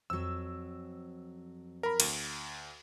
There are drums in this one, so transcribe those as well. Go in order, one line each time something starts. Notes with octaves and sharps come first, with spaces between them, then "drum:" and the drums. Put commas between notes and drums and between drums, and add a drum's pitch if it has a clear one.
F2 F#3 E6
A#4 B5
D2, drum: cymbal